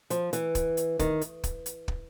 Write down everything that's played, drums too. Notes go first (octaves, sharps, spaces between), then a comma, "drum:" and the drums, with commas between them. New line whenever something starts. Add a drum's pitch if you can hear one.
F3, drum: hi-hat
E3, drum: hi-hat
drum: kick, hi-hat
drum: hi-hat
D#3, drum: kick, hi-hat
drum: hi-hat
drum: kick, hi-hat
drum: hi-hat
drum: kick